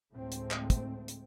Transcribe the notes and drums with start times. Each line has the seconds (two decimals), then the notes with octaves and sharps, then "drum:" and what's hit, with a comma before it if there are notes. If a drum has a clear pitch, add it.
0.13 D2 A2 G#3 A3 C4
0.32 drum: hi-hat
0.51 drum: clap
0.70 drum: kick, hi-hat
1.08 drum: hi-hat